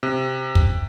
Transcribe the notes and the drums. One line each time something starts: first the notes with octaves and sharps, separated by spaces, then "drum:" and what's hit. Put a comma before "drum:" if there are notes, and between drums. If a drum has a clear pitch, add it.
C3
drum: kick